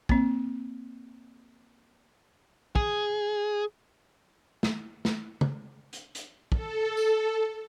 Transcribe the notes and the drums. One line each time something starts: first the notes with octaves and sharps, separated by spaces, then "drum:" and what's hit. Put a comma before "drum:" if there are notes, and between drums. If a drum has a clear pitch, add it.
A#3 C4, drum: kick
G#4, drum: kick
drum: snare
drum: snare
drum: tom C#3
drum: hi-hat
drum: hi-hat
A4, drum: kick
drum: tambourine